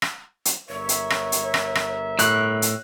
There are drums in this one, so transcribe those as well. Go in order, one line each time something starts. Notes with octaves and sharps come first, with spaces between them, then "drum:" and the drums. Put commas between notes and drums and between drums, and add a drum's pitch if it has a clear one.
drum: rim click
drum: hi-hat
G1 A#4 C#5 E5
drum: hi-hat
drum: rim click
drum: hi-hat
drum: rim click
drum: rim click
A2 F#6, drum: hi-hat
drum: hi-hat